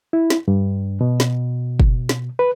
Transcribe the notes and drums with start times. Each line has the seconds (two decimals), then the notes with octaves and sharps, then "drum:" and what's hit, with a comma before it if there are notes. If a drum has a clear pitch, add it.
0.13 E4
0.30 drum: snare
0.48 G2
1.01 B2
1.20 drum: snare
1.80 drum: kick
2.09 drum: snare
2.39 B4